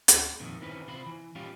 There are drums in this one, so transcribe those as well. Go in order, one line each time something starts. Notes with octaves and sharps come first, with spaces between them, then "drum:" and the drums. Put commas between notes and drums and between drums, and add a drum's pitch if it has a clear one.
drum: hi-hat
F2 A#2 D#3
D#3 E3 C4 C#4 B4
C3 F4 C5 B5
E3
A#2 G3 C#4 F4 G4 F5